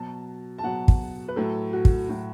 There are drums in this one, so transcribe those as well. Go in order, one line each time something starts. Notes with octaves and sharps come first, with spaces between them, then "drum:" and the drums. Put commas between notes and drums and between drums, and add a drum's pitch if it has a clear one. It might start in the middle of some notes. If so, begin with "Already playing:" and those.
Already playing: B2 F#3 A5
A5
B2 F#3 F#5
drum: kick
B4
A2 F#3 A4
F#4
drum: kick
A2 F#3